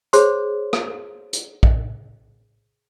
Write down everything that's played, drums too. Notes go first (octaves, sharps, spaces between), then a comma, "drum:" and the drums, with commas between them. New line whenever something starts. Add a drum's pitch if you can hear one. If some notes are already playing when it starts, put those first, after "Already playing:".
G#4 C5 C#5 C6, drum: hi-hat
drum: rim click
drum: hi-hat
drum: kick A#1